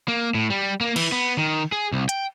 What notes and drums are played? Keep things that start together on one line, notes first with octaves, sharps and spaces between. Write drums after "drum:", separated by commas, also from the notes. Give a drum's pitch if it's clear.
A#3
A2
G3
A#3
E3, drum: cymbal
B3
D#3
G#4
C2
G5, drum: hi-hat